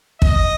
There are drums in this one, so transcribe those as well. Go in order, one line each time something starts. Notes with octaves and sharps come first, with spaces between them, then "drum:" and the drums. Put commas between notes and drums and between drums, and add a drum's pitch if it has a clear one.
D#5, drum: kick